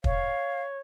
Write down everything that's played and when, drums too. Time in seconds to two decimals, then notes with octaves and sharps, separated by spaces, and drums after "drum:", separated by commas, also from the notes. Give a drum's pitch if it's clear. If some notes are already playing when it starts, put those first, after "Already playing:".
0.04 C#5 F5, drum: kick